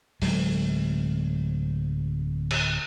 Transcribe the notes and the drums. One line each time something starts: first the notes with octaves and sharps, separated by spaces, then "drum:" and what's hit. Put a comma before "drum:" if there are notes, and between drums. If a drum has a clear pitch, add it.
D1 F#3 G#3, drum: open hi-hat
drum: cymbal